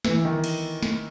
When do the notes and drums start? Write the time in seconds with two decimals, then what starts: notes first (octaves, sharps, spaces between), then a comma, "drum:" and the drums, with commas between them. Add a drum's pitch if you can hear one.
0.05 E3, drum: snare
0.25 D#3
0.44 drum: cymbal
0.82 drum: snare